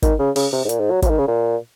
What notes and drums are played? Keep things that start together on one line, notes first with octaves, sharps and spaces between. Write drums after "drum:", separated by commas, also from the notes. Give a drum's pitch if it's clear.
D#3, drum: kick, hi-hat
C#3
C#3, drum: open hi-hat
C3
G#2
A#2, drum: hi-hat
G#2
F#3
F#3, drum: kick, hi-hat
F3
D#3
C#3
A#2